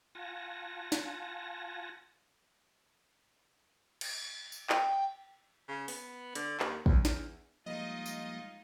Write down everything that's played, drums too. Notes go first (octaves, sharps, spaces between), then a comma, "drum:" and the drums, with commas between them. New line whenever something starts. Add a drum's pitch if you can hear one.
F4 F#5 G#5 A5 A#6
drum: snare
drum: cymbal
drum: tambourine
G5, drum: clap
C#3
B3, drum: open hi-hat
D3, drum: hi-hat
D#2, drum: clap
D2, drum: kick
E2, drum: snare
F3 G3 G#3 A#3 D#4 F4 D#5
drum: tambourine